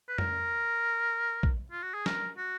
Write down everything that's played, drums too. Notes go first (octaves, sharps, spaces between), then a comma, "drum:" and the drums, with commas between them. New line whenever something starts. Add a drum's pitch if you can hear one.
B4
A#4, drum: tom F2
drum: kick A#1
F4
F#4
G#4
A#4, drum: snare
F#4